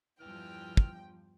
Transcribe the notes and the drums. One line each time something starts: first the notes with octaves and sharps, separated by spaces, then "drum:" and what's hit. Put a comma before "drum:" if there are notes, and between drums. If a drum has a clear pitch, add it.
E2 G2 E3 F3 G5 F6
drum: kick